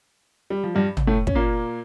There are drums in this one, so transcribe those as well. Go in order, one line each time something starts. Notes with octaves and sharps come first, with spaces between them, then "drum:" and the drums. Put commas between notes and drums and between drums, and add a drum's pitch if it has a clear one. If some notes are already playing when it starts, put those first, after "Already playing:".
G3
F3
G2 G3
drum: tom
A2 A3
C#4, drum: kick
A#2 A#3